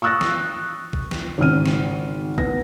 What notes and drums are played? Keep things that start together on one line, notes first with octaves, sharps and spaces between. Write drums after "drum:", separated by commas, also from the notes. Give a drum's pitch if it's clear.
C#6 D#6 E6 F#6 A6 A#6
drum: snare
drum: kick A#1
drum: snare
G#1 C#3 C4 F6 D#7
drum: snare
B3 A#6, drum: kick A#1